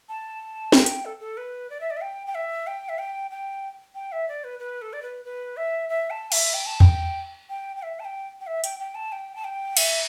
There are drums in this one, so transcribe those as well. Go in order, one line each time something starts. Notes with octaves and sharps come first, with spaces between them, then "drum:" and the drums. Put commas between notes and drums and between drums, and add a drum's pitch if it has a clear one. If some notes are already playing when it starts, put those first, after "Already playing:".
A5
G5, drum: snare
drum: hi-hat
A4
A4
B4
D5
E5
D5
E5
G5
G5
E5
G5
E5
G5
G5
G5
E5
D5
B4
B4
A4
D5
B4
B4
E5
E5
A5
E5, drum: cymbal
G5
A5
G5, drum: tom E2
G5
G5
E5
A5
G5
G5
E5
G5, drum: hi-hat
G5
A5
G5
A5
G5
E5, drum: cymbal